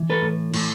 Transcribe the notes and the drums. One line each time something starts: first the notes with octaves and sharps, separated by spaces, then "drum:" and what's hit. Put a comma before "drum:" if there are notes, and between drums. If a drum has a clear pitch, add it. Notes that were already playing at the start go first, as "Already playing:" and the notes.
Already playing: E3
A4 B4
A2
A2, drum: cymbal